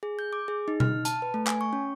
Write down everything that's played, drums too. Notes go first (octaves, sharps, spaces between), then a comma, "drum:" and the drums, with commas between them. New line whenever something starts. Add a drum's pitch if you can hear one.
G#4
G6
D6
G#4
D#4
F6, drum: tom B2
A5, drum: hi-hat
B4
A3
G#5, drum: clap
C#6
C#4